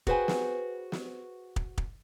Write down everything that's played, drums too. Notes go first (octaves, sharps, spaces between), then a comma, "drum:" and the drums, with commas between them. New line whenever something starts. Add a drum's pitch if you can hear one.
F#4 G#4 B4 C5 G5 G#5, drum: kick
drum: snare
drum: snare
drum: kick
drum: kick